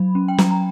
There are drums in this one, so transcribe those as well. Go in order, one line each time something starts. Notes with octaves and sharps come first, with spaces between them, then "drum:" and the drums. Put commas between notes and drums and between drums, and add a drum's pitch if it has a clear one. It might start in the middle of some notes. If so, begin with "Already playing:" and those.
Already playing: F#3 B5
C#4
G5
F#3 A#5, drum: snare
A#5